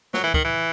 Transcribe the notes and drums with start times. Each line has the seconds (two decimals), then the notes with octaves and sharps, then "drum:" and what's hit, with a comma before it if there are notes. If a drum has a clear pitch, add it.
0.14 F#3, drum: snare
0.24 E3
0.34 D#3, drum: kick
0.44 E3